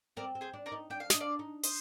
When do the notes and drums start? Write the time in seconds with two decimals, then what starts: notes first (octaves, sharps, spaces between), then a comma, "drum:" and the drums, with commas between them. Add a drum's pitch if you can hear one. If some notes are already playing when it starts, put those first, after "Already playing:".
0.17 C4 A#4 D5
0.35 C4
0.41 G#4 C5
0.54 D4
0.66 A#4 D5
0.72 D#4
0.90 D4 G5
1.00 F5
1.10 D4 D#5, drum: snare
1.20 D5 F5
1.39 D#4
1.63 C5 D#5, drum: open hi-hat